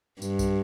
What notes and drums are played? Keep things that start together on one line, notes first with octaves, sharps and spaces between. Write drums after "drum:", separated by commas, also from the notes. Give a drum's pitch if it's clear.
G2, drum: tambourine
drum: kick B1, tambourine